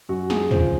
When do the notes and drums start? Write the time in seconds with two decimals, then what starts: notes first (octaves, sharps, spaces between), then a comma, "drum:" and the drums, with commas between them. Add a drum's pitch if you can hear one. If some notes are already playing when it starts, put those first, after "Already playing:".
0.09 F#2 F#4
0.30 G#4, drum: snare
0.51 C#3 F3 C5, drum: tom